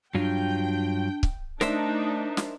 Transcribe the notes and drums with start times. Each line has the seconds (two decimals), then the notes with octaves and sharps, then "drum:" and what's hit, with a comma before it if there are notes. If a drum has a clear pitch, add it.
0.14 G2 F#3 D4 F4 G5
1.23 drum: kick C#1
1.61 A3 D4 D#4 A#4 C5 E5, drum: snare
2.37 drum: snare